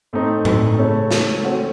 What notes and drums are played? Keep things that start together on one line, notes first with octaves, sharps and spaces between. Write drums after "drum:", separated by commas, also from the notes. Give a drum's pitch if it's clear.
A2 A3 C4 D#4
drum: tom A2
C#3 A3 C#4 A4
drum: snare
A3 C4 F#4 A4 C#5